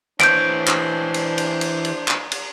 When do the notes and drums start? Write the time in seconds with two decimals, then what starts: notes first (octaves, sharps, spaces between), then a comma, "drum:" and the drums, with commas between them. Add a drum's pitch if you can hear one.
0.20 E3 D4 C5 C#5 G6 D7, drum: clap
0.67 drum: clap
1.14 drum: cymbal
1.38 drum: cymbal
1.61 drum: cymbal
1.85 drum: cymbal
2.08 drum: clap
2.32 drum: cymbal